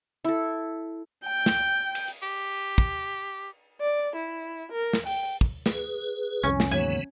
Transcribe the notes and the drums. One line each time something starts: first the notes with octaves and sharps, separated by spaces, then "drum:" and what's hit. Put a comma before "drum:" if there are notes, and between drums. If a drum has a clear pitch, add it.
E4 A4
G5
drum: snare
drum: cymbal
drum: hi-hat
G4
drum: kick
D5
E4
A#4
drum: snare
G5, drum: open hi-hat
drum: kick
G#4 B4, drum: snare
C2 F2 C#4
drum: snare
D#2 G#2 C#3 E3 F#3 B3 G#5